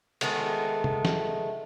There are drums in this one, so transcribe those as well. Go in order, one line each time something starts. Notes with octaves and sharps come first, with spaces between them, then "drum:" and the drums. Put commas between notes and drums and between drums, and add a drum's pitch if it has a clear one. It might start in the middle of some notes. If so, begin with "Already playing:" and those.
D#3 G#3 A3 B3, drum: cymbal
drum: tom C3
drum: snare